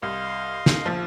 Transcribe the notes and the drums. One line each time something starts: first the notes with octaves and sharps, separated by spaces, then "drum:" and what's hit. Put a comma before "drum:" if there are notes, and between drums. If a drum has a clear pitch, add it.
C2 D#5 F5 C6
drum: snare
A#1 F3